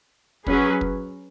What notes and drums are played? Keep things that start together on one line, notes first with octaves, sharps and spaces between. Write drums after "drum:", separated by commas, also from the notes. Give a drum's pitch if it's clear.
F#3 C#4 G#4 B4, drum: kick
drum: kick